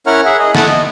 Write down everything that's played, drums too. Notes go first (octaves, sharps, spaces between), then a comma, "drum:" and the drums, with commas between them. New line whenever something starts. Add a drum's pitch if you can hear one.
C#4 E4 A#4 C#5 F#5 F6
G#4 E5 F#5
G#4 D#5
A3 E4 F#5 A5, drum: snare
D#5